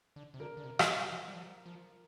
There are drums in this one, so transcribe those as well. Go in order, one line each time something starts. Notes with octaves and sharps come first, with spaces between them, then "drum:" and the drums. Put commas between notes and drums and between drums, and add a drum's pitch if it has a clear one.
D3
C3
D3 A#4
D3
C3
drum: rim click
F3
G3
F3
F3